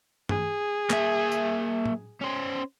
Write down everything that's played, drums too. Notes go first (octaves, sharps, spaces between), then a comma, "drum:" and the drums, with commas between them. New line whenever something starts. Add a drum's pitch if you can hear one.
G#4, drum: tom
A#3 E5, drum: clap
drum: tambourine
drum: tom
C#4 C5